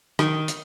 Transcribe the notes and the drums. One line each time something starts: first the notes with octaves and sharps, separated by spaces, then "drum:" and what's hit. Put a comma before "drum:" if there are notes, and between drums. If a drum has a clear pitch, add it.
D#3, drum: rim click
drum: hi-hat